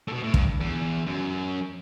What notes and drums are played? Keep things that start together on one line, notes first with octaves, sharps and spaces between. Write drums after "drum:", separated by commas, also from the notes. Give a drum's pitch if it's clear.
A2
B2
A2
G2, drum: kick
E2
F#2